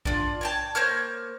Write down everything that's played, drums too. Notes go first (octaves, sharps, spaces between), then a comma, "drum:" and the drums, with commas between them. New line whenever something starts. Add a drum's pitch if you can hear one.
D4 F4, drum: kick A#1
C#5 G5 A5
A#3 C5 C#5 F6